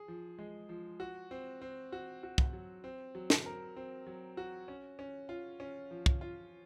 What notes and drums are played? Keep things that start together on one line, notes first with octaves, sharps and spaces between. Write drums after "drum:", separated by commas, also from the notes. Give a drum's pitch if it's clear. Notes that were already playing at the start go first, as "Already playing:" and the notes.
Already playing: G#4
F3
G#3
F3
F#4
C4
C4
F#4
F#4
drum: kick
F#3
C4
F#3
drum: snare
A#4
C4
F#3
F#4
C#4
C#4
F4
C#4
F3
drum: kick
F4